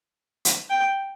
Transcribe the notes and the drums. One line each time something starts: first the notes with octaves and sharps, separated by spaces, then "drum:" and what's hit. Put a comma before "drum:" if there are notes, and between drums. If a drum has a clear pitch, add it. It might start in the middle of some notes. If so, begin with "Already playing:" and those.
drum: hi-hat
G5